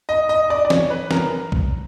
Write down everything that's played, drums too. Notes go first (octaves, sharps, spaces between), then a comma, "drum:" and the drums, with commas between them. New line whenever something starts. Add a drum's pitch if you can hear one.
D#5
D#5
D5
D5
C#5, drum: snare
B4
A#4, drum: snare
drum: kick